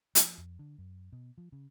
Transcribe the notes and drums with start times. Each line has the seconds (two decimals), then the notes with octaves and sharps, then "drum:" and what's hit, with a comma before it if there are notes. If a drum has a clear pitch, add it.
0.15 F3, drum: hi-hat
0.38 F2
0.59 D3
0.78 F#2
1.12 B2
1.38 F3
1.52 C#3